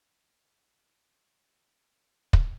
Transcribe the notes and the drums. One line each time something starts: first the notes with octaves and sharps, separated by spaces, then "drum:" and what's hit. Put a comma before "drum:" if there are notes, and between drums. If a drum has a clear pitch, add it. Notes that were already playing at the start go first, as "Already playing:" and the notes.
B2 A#3 D4 E4
drum: kick